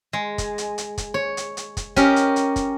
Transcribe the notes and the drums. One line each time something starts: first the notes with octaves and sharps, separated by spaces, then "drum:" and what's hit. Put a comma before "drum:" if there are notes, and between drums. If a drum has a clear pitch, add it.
G#3
drum: kick, hi-hat
drum: hi-hat
drum: hi-hat
drum: kick, hi-hat
C#5
drum: hi-hat
drum: hi-hat
drum: kick, hi-hat
C#4 G4 A#4 D#5, drum: kick, hi-hat
drum: hi-hat
drum: hi-hat
drum: kick, hi-hat